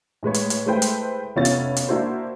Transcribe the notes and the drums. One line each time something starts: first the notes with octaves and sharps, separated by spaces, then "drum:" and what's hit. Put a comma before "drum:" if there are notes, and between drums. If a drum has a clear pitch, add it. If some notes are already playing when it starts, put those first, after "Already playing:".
A2 G#3 B4 C#5
drum: hi-hat
drum: hi-hat
G#3 A3 E4 B4 C5 G5
drum: hi-hat
F1 B3 C#4 E4 F4 A6
drum: hi-hat
drum: hi-hat
A#3 D4 E4 F#4 C5